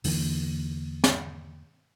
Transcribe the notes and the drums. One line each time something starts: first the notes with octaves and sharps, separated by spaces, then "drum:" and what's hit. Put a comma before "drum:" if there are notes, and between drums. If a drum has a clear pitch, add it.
E2 D3 E3 A#3, drum: open hi-hat
drum: snare